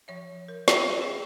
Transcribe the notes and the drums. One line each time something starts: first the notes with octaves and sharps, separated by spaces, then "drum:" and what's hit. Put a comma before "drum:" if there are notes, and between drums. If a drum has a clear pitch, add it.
F3 C#5 E5
A#4
B5, drum: snare
G#4 C#5 D#5 E5 F#5 G5